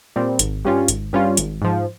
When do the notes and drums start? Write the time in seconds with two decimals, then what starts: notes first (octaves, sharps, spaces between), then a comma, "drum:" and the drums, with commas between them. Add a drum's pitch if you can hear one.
0.16 A#2 G3 C4
0.39 G#1, drum: hi-hat
0.65 G2 G3 C#4 F4
0.88 G#1, drum: hi-hat
1.13 G2 G3 C#4 F4
1.37 G#1, drum: hi-hat
1.62 G#2 F3